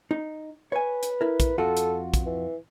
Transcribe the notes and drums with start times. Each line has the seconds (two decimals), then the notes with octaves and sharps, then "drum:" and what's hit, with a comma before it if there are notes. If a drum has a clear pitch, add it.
0.11 D#4
0.72 B4 C#5 G#5
1.03 drum: hi-hat
1.21 E4 A#4
1.40 drum: kick, hi-hat
1.58 F2 F4 F#4 A4
1.77 drum: hi-hat
2.14 drum: kick, hi-hat
2.26 E3